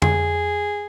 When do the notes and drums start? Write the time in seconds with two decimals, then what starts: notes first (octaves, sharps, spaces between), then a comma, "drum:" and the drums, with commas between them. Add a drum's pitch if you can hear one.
0.02 G#4, drum: tom F2